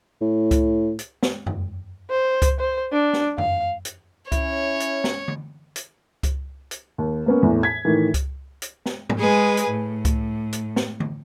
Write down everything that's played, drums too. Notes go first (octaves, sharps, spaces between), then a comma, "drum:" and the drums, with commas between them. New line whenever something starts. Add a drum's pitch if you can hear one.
A2
drum: kick C#2, hi-hat
drum: hi-hat
drum: snare
drum: tom F2
C5
drum: kick C#2, hi-hat
C5
D4
drum: snare
F5, drum: tom F2
drum: hi-hat
C#4 E4 C#5, drum: kick C#2, hi-hat
drum: hi-hat
drum: snare
drum: tom D3
drum: hi-hat
drum: kick C#2, hi-hat
drum: hi-hat
D#2
A#3 B3 C#4
E2 A2 E3
G#6 B6
A2 D#3 E3
drum: kick C#2, hi-hat
drum: hi-hat
drum: snare
drum: tom G#2
G#3 G#4 B4 G#5
drum: hi-hat
A2
drum: kick C#2, hi-hat
drum: hi-hat
drum: snare
drum: tom D3